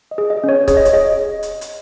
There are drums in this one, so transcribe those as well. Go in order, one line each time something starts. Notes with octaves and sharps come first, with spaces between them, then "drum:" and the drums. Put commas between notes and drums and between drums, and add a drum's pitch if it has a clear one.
D#5
G#4
D#5
C#4
C#5
G#4 C#5, drum: kick C#1, hi-hat
D#5
C#5, drum: hi-hat
G#4 D#5
drum: hi-hat
drum: hi-hat